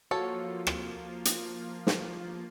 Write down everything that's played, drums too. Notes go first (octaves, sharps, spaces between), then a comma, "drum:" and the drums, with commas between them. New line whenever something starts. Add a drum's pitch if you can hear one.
F3 A#3 F4 F#4 A4 C#5
drum: rim click
drum: hi-hat
drum: snare